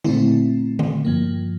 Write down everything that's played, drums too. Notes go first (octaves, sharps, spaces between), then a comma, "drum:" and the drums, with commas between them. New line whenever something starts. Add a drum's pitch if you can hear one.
A#2 A3 C4 E4, drum: tom D3
drum: tom D3
G2 F3 A#3